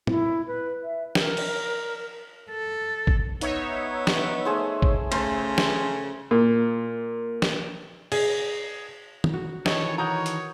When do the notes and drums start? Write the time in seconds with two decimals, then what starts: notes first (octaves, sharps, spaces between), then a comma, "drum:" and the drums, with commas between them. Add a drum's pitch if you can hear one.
0.07 E4, drum: tom
0.46 B4
0.83 E5
1.15 A#4, drum: snare
1.37 drum: cymbal
2.50 A4
3.07 drum: kick
3.41 B3 D#4 C#5 E5, drum: hi-hat
4.07 drum: snare
4.45 A3 G#4 C5
4.82 drum: kick
5.12 C#3 A3 C5 C6, drum: cymbal
5.58 drum: snare
6.31 A#2
7.42 drum: snare
8.12 G#4, drum: cymbal
9.24 drum: tom
9.33 F#4
9.66 D#3 E3 A4 C#5 D#5, drum: snare
9.98 F#4 A#4 C#5 A#5 D#6 G6
10.26 drum: hi-hat